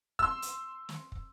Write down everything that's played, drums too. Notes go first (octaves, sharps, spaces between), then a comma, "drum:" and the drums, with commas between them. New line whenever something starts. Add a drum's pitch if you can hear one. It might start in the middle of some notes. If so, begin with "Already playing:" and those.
C6 E6, drum: kick
drum: hi-hat
drum: snare
drum: kick